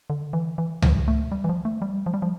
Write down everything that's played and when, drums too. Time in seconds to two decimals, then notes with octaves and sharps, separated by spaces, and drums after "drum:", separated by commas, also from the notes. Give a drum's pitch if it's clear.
0.10 D3
0.33 E3
0.58 E3
0.82 F3, drum: tom C#2
1.08 A3
1.32 G3
1.44 E3
1.49 F3
1.65 A3
1.82 G3
2.06 F3
2.14 G3
2.22 F3